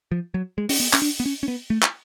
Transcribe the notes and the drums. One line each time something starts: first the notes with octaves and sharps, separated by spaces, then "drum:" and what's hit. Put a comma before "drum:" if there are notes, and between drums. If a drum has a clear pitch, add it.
F3
F#3
G#3
C#4, drum: open hi-hat
B3
C#4, drum: clap
D4
B3
C#4
C#4
B3
A3
drum: clap